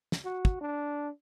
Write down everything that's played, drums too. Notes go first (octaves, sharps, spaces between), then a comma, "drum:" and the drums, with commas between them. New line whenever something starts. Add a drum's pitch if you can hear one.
drum: snare
F#4
drum: kick
D4